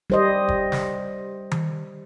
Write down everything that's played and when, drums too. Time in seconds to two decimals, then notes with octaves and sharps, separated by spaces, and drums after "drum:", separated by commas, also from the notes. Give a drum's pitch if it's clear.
0.10 G3 C5 D#5
0.48 drum: kick F1
0.72 drum: snare
1.51 drum: tom D#3